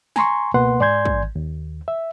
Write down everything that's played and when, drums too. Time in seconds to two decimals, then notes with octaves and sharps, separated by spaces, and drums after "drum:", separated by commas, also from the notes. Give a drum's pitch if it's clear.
0.16 G#5 A#5 C6 C#6, drum: snare
0.54 C#2 B2 A#3 B4 F#5 C6
0.80 G#2 D5 G#5 C6 G6 G#6
1.05 drum: kick
1.36 D#2
1.88 E5